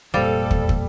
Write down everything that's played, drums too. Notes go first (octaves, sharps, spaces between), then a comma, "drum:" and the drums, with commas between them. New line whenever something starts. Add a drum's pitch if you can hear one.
F1 A#2 G3 A4 C5 F5 A6
drum: kick
drum: kick